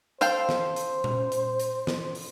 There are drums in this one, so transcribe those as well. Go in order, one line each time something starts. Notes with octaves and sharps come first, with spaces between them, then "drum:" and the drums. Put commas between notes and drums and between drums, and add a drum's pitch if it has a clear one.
A4 C5 F5 G5, drum: hi-hat
drum: snare
drum: hi-hat
drum: tom A#2
drum: hi-hat
drum: hi-hat
drum: snare
drum: open hi-hat